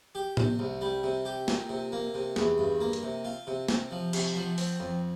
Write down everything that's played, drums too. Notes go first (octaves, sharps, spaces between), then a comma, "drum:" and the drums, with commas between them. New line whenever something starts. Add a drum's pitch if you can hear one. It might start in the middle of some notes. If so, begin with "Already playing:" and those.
G4
C3, drum: tom A2
C2
G3
C3
G4
A#2, drum: snare
C3
A#3
C3
E2, drum: snare
G2
A#3
drum: hi-hat
C3
F4
C3
C3, drum: snare
F3
C3, drum: cymbal
F3
C4, drum: open hi-hat
F2